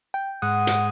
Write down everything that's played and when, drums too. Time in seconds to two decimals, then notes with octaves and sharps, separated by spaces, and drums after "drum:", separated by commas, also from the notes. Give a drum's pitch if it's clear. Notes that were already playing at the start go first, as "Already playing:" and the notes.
0.14 G5
0.42 G#2 F#5 D#6
0.67 drum: hi-hat